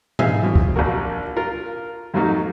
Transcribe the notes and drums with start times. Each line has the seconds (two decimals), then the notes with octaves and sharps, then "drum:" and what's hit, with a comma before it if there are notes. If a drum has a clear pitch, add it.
0.19 B3 D#4 G#4 E5 F5 G#5, drum: tom G#2
0.42 B2 E3 F3
0.55 drum: kick
0.76 A#1 F#3 A#3 F#4 A#4
1.36 F4 A#4
2.14 F2 G#2 F#3 A3 A#3 D#4